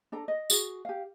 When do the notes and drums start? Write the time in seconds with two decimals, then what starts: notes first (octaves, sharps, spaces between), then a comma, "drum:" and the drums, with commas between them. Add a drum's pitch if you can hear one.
0.12 D4 A4 A#5
0.28 D#5
0.50 F#4 G#4, drum: tambourine
0.85 G4 F5